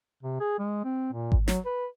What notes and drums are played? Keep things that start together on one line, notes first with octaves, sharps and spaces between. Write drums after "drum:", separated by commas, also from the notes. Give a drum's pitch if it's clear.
C3
G#4
G#3
C4
A#2
drum: kick G#1
F#3, drum: snare
B4